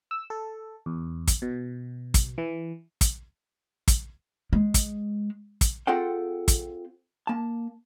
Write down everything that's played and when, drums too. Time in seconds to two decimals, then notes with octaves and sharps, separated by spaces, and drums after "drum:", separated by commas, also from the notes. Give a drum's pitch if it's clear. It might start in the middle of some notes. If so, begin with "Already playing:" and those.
0.11 E6
0.30 A4
0.86 E2
1.27 drum: kick, hi-hat
1.42 B2
2.14 drum: kick, hi-hat
2.38 E3
3.01 drum: kick, hi-hat
3.88 drum: kick, hi-hat
4.53 G#3
4.74 drum: kick, hi-hat
5.61 drum: kick, hi-hat
5.87 C4 F4 G#4 A4 F#5 G5
6.48 drum: kick, hi-hat
7.27 A#3 A5